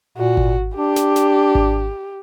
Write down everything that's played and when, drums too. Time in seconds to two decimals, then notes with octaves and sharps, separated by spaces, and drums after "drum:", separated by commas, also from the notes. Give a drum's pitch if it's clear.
0.18 A#2 F#4
0.37 drum: kick G#1
0.76 D4 G4
0.96 drum: snare
1.16 drum: snare
1.55 drum: kick G#1